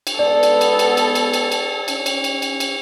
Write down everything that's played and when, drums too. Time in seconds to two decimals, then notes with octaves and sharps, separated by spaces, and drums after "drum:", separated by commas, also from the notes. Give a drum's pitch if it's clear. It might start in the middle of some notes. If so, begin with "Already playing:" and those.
0.07 drum: cymbal
0.19 G#3 B3 A4 D5
0.43 drum: cymbal
0.61 drum: cymbal
0.79 drum: cymbal
0.97 drum: cymbal
1.15 drum: cymbal
1.34 drum: cymbal
1.52 drum: cymbal
1.88 C#4, drum: cymbal
2.06 drum: cymbal
2.24 drum: cymbal
2.42 drum: cymbal
2.60 drum: cymbal